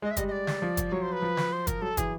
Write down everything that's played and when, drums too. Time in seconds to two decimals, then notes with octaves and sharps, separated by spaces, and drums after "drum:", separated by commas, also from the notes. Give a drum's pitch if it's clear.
0.02 G#3 D#5
0.11 E5
0.17 G3 D#5, drum: kick, hi-hat
0.28 D#5
0.32 D5
0.47 drum: snare
0.62 F3
0.77 drum: kick, hi-hat
0.92 F#3 C#5
1.02 C5
1.12 B4
1.22 F3
1.37 drum: snare
1.53 C5
1.67 A#4, drum: kick, hi-hat
1.82 F#3 A4
1.97 E3 G#4, drum: kick, hi-hat